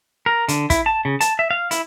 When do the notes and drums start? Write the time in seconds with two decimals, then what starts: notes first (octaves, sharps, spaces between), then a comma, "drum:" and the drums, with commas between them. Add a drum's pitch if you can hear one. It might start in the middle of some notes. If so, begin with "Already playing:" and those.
0.26 A#4
0.48 D3, drum: hi-hat
0.70 E4, drum: kick, hi-hat
0.86 A5
1.05 C#3
1.21 A5, drum: hi-hat
1.39 E5
1.51 F5
1.71 E4, drum: hi-hat